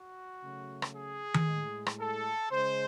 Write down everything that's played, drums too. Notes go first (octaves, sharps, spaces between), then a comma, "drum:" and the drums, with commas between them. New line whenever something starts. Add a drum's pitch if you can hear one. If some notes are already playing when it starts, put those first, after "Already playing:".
Already playing: F#4
C#3 F#3 A3
drum: rim click
G#4
drum: tom D#3
A2 G#3
drum: rim click
A4
C#3 G#3 C5